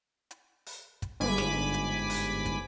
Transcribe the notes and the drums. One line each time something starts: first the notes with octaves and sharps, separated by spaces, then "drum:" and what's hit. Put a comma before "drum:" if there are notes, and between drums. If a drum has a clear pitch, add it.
drum: hi-hat
drum: open hi-hat
drum: kick, hi-hat
G1 G#2 G#5 B5 D6 B6
drum: snare
drum: hi-hat
drum: open hi-hat
drum: kick, hi-hat